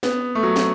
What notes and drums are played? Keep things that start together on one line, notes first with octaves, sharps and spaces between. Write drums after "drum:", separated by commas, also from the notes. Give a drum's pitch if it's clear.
B3, drum: snare
A3
F#3
drum: snare